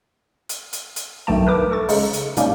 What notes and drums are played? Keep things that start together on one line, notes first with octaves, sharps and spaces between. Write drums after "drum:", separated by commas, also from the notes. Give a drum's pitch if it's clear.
drum: hi-hat
drum: hi-hat
drum: hi-hat
B1 G2 D#3 A3 G5 A5
A#4 B4 D6
A4 C#6 A6
C#3 G#3 D#4, drum: open hi-hat
drum: hi-hat
G#2 C3 G3 A#3 C#4 D#4, drum: hi-hat